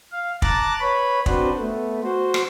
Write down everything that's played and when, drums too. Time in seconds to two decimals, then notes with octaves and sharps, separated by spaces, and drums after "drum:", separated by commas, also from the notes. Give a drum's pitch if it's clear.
0.12 F5
0.42 A5 A#5 D6 F#6 A6, drum: kick
0.80 B4 C#5 B5
1.26 C4 D4 F#4 B4 C5, drum: kick
1.59 A3 B3
2.03 F#4 C5
2.34 drum: rim click